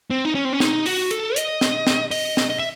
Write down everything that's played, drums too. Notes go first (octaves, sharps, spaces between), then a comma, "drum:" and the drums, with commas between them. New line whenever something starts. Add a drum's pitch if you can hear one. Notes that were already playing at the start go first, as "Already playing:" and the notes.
C4
D#4
C#4
C4
C#4
D#4, drum: snare
F#4, drum: open hi-hat
A4, drum: hi-hat
D#5, drum: hi-hat
drum: snare
drum: snare
D#5, drum: open hi-hat
drum: snare
D#5
E5